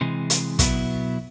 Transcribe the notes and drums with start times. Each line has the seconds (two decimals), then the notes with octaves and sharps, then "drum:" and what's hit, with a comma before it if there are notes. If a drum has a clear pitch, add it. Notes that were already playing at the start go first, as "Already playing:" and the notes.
0.01 C3 E3 G#3
0.30 drum: hi-hat
0.59 B2 F#3 B3 E4, drum: kick, hi-hat